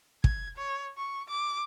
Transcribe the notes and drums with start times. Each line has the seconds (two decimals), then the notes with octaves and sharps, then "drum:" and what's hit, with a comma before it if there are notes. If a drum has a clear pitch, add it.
0.24 G#6, drum: kick
0.57 C#5
0.97 C#6
1.29 D6